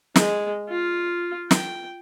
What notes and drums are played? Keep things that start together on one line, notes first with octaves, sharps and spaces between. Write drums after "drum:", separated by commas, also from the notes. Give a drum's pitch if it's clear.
G#3, drum: snare
F4
G5, drum: snare